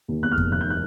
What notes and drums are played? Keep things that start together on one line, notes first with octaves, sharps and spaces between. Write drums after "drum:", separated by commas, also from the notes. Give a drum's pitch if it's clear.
D#2
E2 F#6
F6
F1, drum: kick F2
F1 F#6
G6
F#6